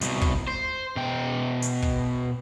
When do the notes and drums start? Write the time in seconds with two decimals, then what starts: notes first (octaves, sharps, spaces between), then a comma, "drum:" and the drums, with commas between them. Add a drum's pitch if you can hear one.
0.01 C2 B2, drum: hi-hat
0.21 drum: kick
0.48 C5
0.96 B2 G5
1.62 drum: hi-hat
1.82 drum: kick